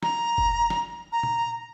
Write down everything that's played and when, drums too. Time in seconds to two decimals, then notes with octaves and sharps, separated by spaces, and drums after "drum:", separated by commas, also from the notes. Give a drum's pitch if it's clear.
0.03 A#5, drum: snare
0.38 drum: kick F#1
0.70 drum: snare
1.12 A#5
1.23 drum: tom A#2